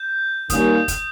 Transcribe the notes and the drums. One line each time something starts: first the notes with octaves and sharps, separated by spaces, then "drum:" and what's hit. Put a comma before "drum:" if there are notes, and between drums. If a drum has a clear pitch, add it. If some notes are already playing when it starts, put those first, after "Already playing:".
Already playing: G6
D#2 D#3 G3 A#3 C#4 D#6, drum: kick, hi-hat
drum: kick, hi-hat